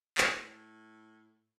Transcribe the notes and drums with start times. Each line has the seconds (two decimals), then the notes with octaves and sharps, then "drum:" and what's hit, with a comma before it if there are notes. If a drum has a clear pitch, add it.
0.18 A2, drum: clap